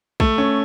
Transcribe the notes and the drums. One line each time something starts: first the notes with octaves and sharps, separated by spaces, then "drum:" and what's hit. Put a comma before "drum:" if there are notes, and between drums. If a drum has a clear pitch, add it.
A3, drum: kick A#1
C#4